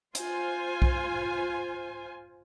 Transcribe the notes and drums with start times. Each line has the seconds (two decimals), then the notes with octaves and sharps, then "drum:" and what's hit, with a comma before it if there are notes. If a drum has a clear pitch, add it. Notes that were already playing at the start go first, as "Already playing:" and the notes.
0.15 F4 C5 G#5, drum: hi-hat
0.82 drum: kick B1